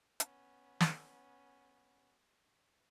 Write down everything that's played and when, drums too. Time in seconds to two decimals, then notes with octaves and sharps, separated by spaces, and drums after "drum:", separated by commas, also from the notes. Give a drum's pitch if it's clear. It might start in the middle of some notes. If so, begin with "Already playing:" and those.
0.20 B3 C#4, drum: hi-hat
0.80 drum: snare